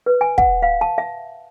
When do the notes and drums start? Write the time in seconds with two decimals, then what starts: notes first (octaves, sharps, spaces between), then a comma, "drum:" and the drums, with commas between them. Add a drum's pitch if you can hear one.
0.06 B4
0.21 G#5
0.38 F#5, drum: kick
0.62 F5
0.81 A5
0.98 E5